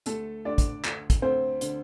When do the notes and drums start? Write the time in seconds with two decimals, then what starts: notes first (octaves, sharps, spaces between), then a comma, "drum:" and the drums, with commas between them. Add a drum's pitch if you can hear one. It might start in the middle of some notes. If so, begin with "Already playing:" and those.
0.06 D2 A3 A4, drum: hi-hat
0.45 D2 D4 D5
0.58 drum: kick, hi-hat
0.85 D2, drum: clap
1.10 drum: kick, hi-hat
1.22 D2 C4 C5
1.61 D3, drum: hi-hat